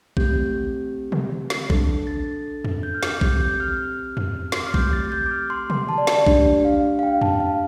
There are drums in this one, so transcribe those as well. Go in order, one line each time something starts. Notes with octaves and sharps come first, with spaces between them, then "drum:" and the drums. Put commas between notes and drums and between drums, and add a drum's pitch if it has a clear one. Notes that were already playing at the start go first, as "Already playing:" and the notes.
A3 C4 G4 G6, drum: kick A#1
drum: tom
drum: snare
D4 A4, drum: kick A#1
A6
drum: tom
G6
F6
D6, drum: snare
C4 G4 G6, drum: kick A#1
G6
F6
drum: tom
C6, drum: snare
D6
F6
A3 C4 G4 G6, drum: kick A#1
A6
G6
D6
F6
C6
C6, drum: tom
A5
D5
drum: snare
D5
A3 D4 G4, drum: kick A#1
F5
F5
G5
A5, drum: tom
F5